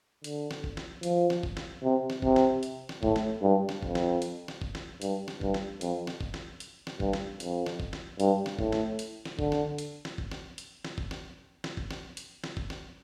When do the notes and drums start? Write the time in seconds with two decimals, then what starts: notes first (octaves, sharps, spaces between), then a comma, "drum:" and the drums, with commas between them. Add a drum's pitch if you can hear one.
0.24 D3, drum: hi-hat
0.51 drum: snare
0.64 drum: kick
0.77 drum: snare
1.03 F3, drum: hi-hat
1.30 drum: snare
1.43 drum: kick
1.57 drum: snare
1.83 C3
2.10 drum: snare
2.22 C3, drum: kick
2.36 drum: snare
2.63 drum: hi-hat
2.89 drum: snare
3.03 A2, drum: kick
3.16 drum: snare
3.42 G2
3.69 drum: snare
3.82 F2, drum: kick
3.95 drum: snare
4.22 drum: hi-hat
4.48 drum: snare
4.62 drum: kick
4.75 drum: snare
5.02 G2, drum: hi-hat
5.28 drum: snare
5.41 G2, drum: kick
5.54 drum: snare
5.81 F2, drum: hi-hat
6.07 drum: snare
6.21 drum: kick
6.34 drum: snare
6.60 drum: hi-hat
6.87 drum: snare
7.00 G2, drum: kick
7.13 drum: snare
7.40 F2, drum: hi-hat
7.66 drum: snare
7.80 drum: kick
7.93 drum: snare
8.20 G2, drum: hi-hat
8.46 drum: snare
8.59 A2, drum: kick
8.72 drum: snare
8.99 drum: hi-hat
9.25 drum: snare
9.39 D3, drum: kick
9.52 drum: snare
9.78 drum: hi-hat
10.05 drum: snare
10.18 drum: kick
10.31 drum: snare
10.58 drum: hi-hat
10.85 drum: snare
10.98 drum: kick
11.11 drum: snare
11.64 drum: snare
11.77 drum: kick
11.91 drum: snare
12.17 drum: hi-hat
12.44 drum: snare
12.57 drum: kick
12.70 drum: snare